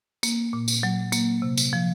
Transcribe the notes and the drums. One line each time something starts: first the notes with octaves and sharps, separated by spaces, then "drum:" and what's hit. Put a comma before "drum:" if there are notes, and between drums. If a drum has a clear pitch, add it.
A#3, drum: tambourine
A#2
drum: tambourine
F#3
A#3, drum: tambourine
C3
drum: tambourine
F3